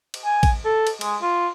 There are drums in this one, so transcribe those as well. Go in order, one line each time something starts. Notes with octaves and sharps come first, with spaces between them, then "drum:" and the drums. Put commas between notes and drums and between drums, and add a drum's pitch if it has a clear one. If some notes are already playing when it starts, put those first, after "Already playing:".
drum: cymbal
G#5
drum: kick A1, cymbal
A4
drum: cymbal
G#3, drum: cymbal
F4